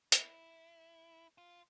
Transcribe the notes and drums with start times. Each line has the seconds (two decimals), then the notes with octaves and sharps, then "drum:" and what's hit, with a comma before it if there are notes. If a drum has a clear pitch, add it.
0.12 E4, drum: hi-hat
1.38 F4